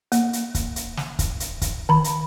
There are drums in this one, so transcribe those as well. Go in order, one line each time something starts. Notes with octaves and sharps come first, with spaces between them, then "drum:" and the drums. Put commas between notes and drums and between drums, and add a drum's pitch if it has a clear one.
A#3, drum: hi-hat
drum: hi-hat
drum: kick, hi-hat
drum: hi-hat
drum: snare
drum: kick, hi-hat
drum: hi-hat
drum: kick, hi-hat
D#3 B5
drum: hi-hat